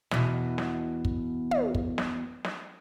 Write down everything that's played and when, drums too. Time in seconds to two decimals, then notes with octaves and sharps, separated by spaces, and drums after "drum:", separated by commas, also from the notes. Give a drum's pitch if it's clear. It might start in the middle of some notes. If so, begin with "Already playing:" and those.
0.11 E2 B2, drum: snare
0.58 drum: snare
1.05 drum: kick
1.51 drum: tom
1.75 drum: kick
1.98 drum: snare
2.45 drum: snare